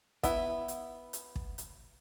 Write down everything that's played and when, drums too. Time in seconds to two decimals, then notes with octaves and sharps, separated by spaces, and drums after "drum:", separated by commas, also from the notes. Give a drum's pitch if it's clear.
0.23 B3 E4, drum: kick, hi-hat
0.68 drum: hi-hat
1.13 drum: hi-hat
1.36 drum: kick
1.58 drum: hi-hat